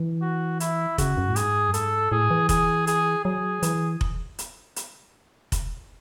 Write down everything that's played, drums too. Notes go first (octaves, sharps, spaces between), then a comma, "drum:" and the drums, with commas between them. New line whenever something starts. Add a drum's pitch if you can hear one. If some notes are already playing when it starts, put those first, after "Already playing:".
Already playing: E3
F#4
E4, drum: hi-hat
C#3 F#4, drum: kick F1, hi-hat
F#2
A2
G#2 G#4, drum: hi-hat
F#2
G#2 A4, drum: hi-hat
A2 G#4
E3
G#4, drum: kick F1, hi-hat
G#4, drum: hi-hat
F#3 G#4
E3, drum: hi-hat
drum: kick F1
drum: hi-hat
drum: hi-hat
drum: kick F1, hi-hat